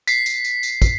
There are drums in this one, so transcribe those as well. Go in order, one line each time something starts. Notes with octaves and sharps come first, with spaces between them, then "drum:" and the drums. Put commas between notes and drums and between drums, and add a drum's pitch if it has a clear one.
B6 C7, drum: tambourine
drum: tambourine
drum: tambourine
drum: tambourine
drum: kick, tambourine